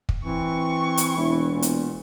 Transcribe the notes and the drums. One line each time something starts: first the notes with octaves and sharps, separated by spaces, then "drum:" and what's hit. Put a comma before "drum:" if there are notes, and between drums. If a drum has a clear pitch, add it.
drum: kick
E3 C4 C#6
drum: hi-hat
E1 E4
A#2 B3
drum: hi-hat